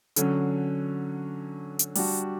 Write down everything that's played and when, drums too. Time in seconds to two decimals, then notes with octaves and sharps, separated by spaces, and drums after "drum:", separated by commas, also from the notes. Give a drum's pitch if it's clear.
0.16 D3 F#3 C#4, drum: hi-hat
1.79 drum: hi-hat
1.95 G3 D4 F#4, drum: open hi-hat